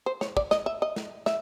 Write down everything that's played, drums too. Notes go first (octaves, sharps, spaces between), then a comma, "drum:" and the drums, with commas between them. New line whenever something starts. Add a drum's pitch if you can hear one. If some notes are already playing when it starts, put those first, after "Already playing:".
C5
C#5, drum: snare
D5, drum: kick
D#5, drum: snare
E5
D#5
drum: snare
E5, drum: snare